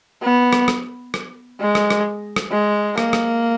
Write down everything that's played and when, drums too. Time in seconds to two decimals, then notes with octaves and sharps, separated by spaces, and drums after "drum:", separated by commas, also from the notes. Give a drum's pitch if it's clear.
0.22 B3
0.53 drum: rim click
0.68 drum: rim click
1.14 drum: rim click
1.60 G#3
1.75 drum: rim click
1.90 drum: rim click
2.36 drum: rim click
2.52 G#3
2.98 A#3, drum: rim click
3.13 drum: rim click